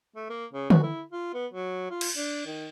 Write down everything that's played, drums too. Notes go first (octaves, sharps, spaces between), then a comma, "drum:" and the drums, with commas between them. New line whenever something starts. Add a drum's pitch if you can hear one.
A3
A#3
C#3
F#4, drum: tom D3
E4
F4
B3
F#3
F4
drum: cymbal
D4
D#3